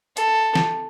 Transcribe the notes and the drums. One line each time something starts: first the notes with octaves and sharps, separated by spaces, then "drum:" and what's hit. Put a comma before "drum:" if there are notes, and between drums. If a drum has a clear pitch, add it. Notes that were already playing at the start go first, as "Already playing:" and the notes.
A4, drum: hi-hat
drum: snare